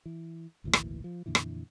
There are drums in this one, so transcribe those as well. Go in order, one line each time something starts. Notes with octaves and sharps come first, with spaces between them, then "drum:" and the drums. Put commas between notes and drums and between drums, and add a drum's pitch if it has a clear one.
E3
G#1 D2 A#2 E3
drum: rim click
F3
F2 A#2 D3 E3
drum: rim click